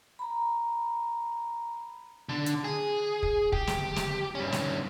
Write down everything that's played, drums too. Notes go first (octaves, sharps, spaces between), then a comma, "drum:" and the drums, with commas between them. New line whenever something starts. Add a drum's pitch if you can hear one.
A#5 B5
D3
drum: hi-hat
G#4
drum: kick
G4, drum: kick
drum: snare
drum: snare
G2 C#4
drum: snare